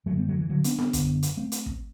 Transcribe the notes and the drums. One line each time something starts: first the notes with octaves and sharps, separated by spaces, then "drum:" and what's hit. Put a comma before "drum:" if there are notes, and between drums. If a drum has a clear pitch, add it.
F#2 D3 F#3 A3
G3 B3
F#3 A3
E3
D3 F#3
B3 D4, drum: hi-hat
B3 D4, drum: snare C4
F#2 D3, drum: kick, hi-hat
drum: hi-hat
A3 C4
drum: hi-hat
drum: kick